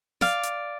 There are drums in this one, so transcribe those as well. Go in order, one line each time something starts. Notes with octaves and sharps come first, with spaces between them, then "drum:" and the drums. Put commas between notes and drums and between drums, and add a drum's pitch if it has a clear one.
D5 F5, drum: snare
drum: hi-hat